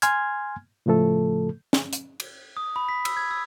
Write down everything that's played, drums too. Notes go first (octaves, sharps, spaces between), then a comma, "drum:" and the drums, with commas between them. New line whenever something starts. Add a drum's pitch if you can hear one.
G#5 C6 F6 G#6, drum: hi-hat
A2 C#3 F3 A3 A4
drum: snare
drum: hi-hat
drum: cymbal
D#6
B5
B6
E6, drum: cymbal
G#6
E6